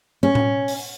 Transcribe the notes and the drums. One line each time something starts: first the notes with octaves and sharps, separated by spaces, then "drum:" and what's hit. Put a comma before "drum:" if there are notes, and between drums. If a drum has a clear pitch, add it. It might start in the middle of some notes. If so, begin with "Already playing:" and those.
C#4
drum: tom A2
drum: open hi-hat